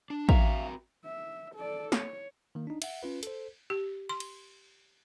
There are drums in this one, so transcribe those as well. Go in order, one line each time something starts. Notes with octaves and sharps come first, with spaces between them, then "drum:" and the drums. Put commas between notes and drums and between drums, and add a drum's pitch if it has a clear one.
D4
C4 F#4 E5 F5 A#5, drum: kick
E5
A4 D5
C#5, drum: snare
D#3 A#3
D4 D#4
E5 F#5, drum: cymbal
C#4 F4 B4
A4 C5, drum: hi-hat
G4
C6
drum: cymbal